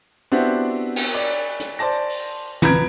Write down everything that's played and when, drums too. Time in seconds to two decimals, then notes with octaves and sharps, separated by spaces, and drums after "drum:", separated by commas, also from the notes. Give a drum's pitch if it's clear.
0.32 B3 C4 D4 E4 F#4 G4
0.96 drum: cymbal
1.14 D5, drum: tambourine
1.60 drum: hi-hat
1.79 C5 D5 A5 A#6
2.09 drum: open hi-hat
2.62 F2 B4 A#5 G#6 D7, drum: tom